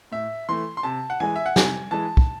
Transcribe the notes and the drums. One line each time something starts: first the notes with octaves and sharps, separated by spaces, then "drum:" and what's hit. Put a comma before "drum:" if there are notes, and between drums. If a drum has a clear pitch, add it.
A2 E5
E3 A3 C6
C6
C3 A5
F#5
E3 G#3 G#5
E5
F#5
C3 G#5, drum: snare
E3 G#3 A5
drum: kick